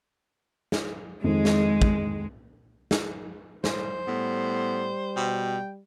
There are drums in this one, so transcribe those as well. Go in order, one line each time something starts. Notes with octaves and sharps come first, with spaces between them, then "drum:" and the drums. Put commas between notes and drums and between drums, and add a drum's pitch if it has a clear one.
drum: snare
F2 D#3 G#3
drum: snare
drum: kick
drum: snare
A2 G3 C5, drum: snare
A2 G3 B3
B2 G5